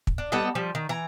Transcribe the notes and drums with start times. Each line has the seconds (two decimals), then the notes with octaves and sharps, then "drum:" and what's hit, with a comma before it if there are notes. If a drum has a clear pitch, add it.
0.07 drum: kick
0.18 D4
0.32 G3 B3 A4 D#5
0.55 F3 G3
0.75 D#3
0.89 E3 A#5